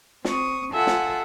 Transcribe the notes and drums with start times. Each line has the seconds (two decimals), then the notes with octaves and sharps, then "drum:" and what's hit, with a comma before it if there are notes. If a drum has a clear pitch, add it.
0.25 C4 C#6 D#6, drum: snare
0.73 F4 A4 E5 F#5 G#5
0.87 drum: snare